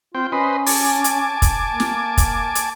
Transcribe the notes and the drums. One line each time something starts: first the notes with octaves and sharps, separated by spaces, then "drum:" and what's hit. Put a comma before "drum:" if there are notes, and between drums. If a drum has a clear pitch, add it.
C4 F4 G5
C#4 B4 C5 D#5
G#5 A5 D6, drum: open hi-hat
drum: hi-hat
drum: kick, hi-hat
A#3
drum: snare
drum: kick, hi-hat
drum: hi-hat